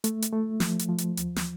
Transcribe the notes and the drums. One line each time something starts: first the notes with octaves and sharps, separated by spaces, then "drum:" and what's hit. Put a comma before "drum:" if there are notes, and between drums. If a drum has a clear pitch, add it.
A3, drum: hi-hat
drum: hi-hat
A3
F3, drum: snare
drum: hi-hat
F3
drum: hi-hat
D#2, drum: hi-hat
drum: snare